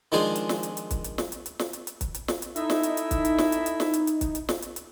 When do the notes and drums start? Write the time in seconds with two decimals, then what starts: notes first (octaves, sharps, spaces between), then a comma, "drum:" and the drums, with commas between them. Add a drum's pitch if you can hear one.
0.12 D#3 F3 G#3 D4 G#4 C5
0.36 drum: hi-hat
0.49 drum: snare
0.63 drum: hi-hat
0.77 drum: hi-hat
0.91 drum: kick, hi-hat
1.04 drum: hi-hat
1.18 drum: snare
1.32 drum: hi-hat
1.46 drum: hi-hat
1.59 drum: snare
1.73 drum: hi-hat
1.87 drum: hi-hat
2.01 drum: kick, hi-hat
2.15 drum: hi-hat
2.28 drum: snare
2.42 drum: hi-hat
2.56 D#4 E4 A4 D#5 E5, drum: hi-hat
2.70 drum: snare
2.83 drum: hi-hat
2.97 drum: hi-hat
3.11 drum: kick, hi-hat
3.25 drum: hi-hat
3.38 drum: snare
3.52 drum: hi-hat
3.66 drum: hi-hat
3.80 drum: snare
3.94 drum: hi-hat
4.07 drum: hi-hat
4.21 drum: kick, hi-hat
4.35 drum: hi-hat
4.49 drum: snare
4.62 drum: hi-hat
4.76 drum: hi-hat